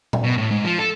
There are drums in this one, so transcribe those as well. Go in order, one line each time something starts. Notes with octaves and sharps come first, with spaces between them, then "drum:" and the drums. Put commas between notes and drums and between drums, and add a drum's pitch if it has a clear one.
drum: tom A#2
B2
A2
G#2
F3
A4